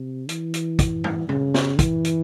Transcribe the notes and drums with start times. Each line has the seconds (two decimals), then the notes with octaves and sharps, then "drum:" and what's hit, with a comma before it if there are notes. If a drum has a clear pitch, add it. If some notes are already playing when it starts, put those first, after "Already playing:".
Already playing: C3
0.29 E3, drum: hi-hat
0.54 drum: hi-hat
0.79 drum: kick, hi-hat
1.04 drum: tom
1.29 C#3, drum: tom
1.54 drum: snare
1.79 E3, drum: kick, hi-hat
2.05 drum: hi-hat